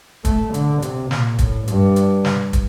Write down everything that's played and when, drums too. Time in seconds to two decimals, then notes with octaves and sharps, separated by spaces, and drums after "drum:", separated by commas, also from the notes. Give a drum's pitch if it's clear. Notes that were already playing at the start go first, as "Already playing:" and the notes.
0.25 A3, drum: kick, hi-hat
0.54 D3, drum: hi-hat
0.82 C3, drum: hi-hat
1.11 A#2, drum: snare
1.39 A2, drum: kick, hi-hat
1.67 G2, drum: hi-hat
1.96 drum: hi-hat
2.25 drum: snare
2.53 drum: kick, hi-hat